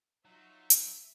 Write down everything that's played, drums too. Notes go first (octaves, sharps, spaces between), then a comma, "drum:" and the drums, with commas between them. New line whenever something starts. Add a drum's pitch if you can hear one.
F#3 D#4 F4 F#4 E5
drum: hi-hat